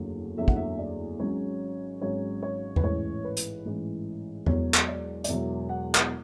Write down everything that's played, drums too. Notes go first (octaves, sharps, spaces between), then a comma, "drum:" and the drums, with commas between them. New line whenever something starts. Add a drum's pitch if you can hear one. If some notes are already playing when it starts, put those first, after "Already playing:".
Already playing: F#1 E2 D3 F#3 A3
F#1 E2 D3 F#3 A3 E5
F#5, drum: kick
E5
D5
G#1 G#2 F#3 C#4 C#5
G#1 G#2 F#3 C#4 C#5
C#5
B4, drum: tom E2
A1 G#2 E3 C#5
B4
drum: hi-hat
A1 G#2 E3
E1 E2 B2 F#3 C#5, drum: tom E2
drum: clap
D5
D5, drum: hi-hat
E1 E2 B2 F#3 E5
F#5
drum: clap